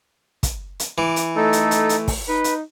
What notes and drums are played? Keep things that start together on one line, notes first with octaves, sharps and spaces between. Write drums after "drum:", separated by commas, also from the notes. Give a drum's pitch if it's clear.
drum: kick, hi-hat
drum: hi-hat
E3 D6
drum: hi-hat
A3 D#4 A4
drum: hi-hat
drum: hi-hat
drum: hi-hat
drum: kick, open hi-hat
D#4 B4
drum: hi-hat